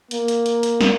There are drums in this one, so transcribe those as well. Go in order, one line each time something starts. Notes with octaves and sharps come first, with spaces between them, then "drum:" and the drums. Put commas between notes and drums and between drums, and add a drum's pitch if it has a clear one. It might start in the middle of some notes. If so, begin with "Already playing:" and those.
A#3, drum: hi-hat
drum: hi-hat
drum: hi-hat
drum: hi-hat
drum: snare